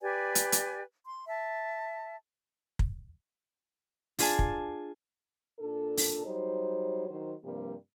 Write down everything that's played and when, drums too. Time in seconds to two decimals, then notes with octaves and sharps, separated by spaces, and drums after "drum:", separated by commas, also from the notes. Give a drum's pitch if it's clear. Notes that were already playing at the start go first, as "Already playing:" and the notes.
0.01 G4 B4 D5 G#5
0.35 drum: hi-hat
0.52 drum: hi-hat
1.04 C6
1.27 E5 A5
2.79 drum: kick
4.19 D4 F4 G#4 G#5 A5, drum: open hi-hat
4.39 drum: kick
5.60 A#2 D4 A4
5.97 drum: open hi-hat
6.25 F#3 G3 D#4 C5
7.08 D#3 F#3 C5
7.42 G2 C3 F3 G3 A#3